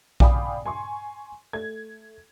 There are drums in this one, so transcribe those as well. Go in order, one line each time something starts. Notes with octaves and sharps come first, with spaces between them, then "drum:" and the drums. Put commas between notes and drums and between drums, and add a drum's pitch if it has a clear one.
D5 F5 G5 G#5 B5 D#6, drum: kick A#1
G#5 C6 C#6
A3 G#6